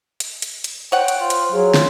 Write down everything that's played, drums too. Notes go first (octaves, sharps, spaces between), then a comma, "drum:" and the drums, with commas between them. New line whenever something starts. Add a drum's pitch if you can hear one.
drum: hi-hat
drum: hi-hat
drum: hi-hat
C5 C#5 F#5 G5
drum: hi-hat
F4
drum: hi-hat
F#3 F4 G#4
drum: snare